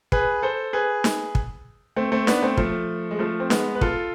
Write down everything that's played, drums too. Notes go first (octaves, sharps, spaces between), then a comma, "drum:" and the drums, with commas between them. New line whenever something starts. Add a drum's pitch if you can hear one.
G#4 B4, drum: kick
A4 C5
G#4 B4
drum: snare
drum: kick
A3 C4
A3 C4
B3 D4, drum: snare
A3 C4
F3 A3, drum: kick
G#3
F3 A3
C4
G#3 B3, drum: snare
B4
F4 A4, drum: kick